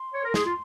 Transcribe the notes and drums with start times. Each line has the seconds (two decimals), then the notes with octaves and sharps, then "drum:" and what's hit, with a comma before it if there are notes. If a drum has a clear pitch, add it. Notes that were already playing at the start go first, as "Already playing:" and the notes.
Already playing: C6
0.13 C#5
0.23 A#4
0.34 G#4, drum: snare
0.46 F4